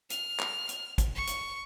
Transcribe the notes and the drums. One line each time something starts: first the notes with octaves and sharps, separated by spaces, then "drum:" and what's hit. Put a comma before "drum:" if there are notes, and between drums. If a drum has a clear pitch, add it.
F6, drum: hi-hat
drum: clap
drum: hi-hat
drum: kick, hi-hat
C#6
drum: hi-hat